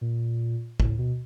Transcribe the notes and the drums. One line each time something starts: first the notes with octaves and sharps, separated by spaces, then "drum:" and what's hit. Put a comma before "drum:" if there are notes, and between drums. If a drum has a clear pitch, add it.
A#2
A2, drum: kick
B2